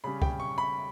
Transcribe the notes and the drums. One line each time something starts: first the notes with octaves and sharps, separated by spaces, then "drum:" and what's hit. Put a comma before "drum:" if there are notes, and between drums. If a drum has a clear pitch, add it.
C#3 G3 C#4 B5
G5, drum: kick
C#6
B5